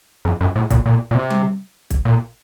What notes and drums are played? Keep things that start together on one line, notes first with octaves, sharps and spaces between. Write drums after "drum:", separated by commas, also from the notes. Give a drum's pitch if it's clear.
F2
F#2
A2
A#2, drum: kick, hi-hat
A#2
A#2
C3
drum: tom G3
drum: kick, hi-hat
A#2